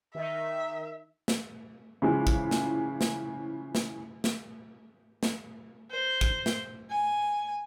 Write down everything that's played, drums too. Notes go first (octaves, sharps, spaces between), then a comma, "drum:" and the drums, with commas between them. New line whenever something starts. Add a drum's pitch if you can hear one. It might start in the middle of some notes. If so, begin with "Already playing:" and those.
D#3 D#4 E5
drum: snare
C#3 E3 F3 G#3
drum: kick
drum: snare
drum: snare
drum: snare
drum: snare
drum: snare
C5
drum: kick
drum: snare
G#5